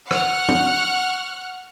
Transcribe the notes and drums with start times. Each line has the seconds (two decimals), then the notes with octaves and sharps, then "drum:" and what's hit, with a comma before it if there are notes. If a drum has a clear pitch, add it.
0.11 F#5 C#6 F6 F#6, drum: rim click
0.49 drum: tom